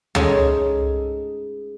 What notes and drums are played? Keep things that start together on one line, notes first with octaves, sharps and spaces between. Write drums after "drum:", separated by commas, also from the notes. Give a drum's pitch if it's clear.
G#3 A3 C#4 D#4 G#4 A4, drum: tom C#2